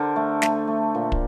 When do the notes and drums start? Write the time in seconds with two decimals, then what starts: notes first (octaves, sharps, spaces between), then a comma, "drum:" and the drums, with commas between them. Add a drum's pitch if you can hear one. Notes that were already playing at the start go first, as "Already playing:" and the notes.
Already playing: D3 A#4 C5
0.16 A3
0.42 A3, drum: snare
0.67 A3
0.95 A#2
1.12 drum: kick